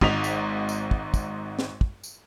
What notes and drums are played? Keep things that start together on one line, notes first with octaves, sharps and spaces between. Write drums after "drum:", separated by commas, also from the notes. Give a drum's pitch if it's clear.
G#1 G#2 D#4 D#6 B6 F7, drum: kick
drum: tambourine
drum: tambourine
drum: kick
drum: kick, tambourine
drum: snare
drum: kick
drum: tambourine